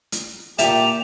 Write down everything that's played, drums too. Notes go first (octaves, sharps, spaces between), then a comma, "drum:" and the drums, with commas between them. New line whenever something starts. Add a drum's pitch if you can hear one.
drum: hi-hat
A#2 G4 E5 A5 F7, drum: hi-hat